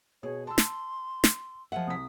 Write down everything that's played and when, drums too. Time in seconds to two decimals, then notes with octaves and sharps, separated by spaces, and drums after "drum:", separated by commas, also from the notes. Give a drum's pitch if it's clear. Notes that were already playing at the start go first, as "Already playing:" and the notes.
0.23 B2 G#4 C#5
0.47 A5 C6 E6
0.58 drum: snare
1.24 drum: snare
1.72 F3 G#3 E5 F#5
1.87 C2 D#6 B6